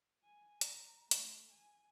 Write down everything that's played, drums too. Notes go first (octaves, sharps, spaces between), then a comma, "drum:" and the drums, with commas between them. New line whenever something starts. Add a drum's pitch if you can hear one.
G#5
A#5, drum: hi-hat
A3, drum: hi-hat
G#5